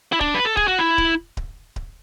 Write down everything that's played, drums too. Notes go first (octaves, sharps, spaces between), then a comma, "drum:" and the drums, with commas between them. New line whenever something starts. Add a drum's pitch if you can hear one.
E4
D4, drum: kick D1
B4
A4
G#4, drum: kick D1
F#4
E4
drum: kick D1
drum: kick D1
drum: kick D1